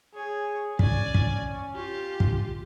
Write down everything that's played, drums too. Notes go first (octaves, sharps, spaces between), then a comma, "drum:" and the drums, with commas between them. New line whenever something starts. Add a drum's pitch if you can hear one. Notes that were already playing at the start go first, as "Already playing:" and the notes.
G#4 C#5
C#4 D5 G#5, drum: kick
drum: kick
F4 G4
drum: kick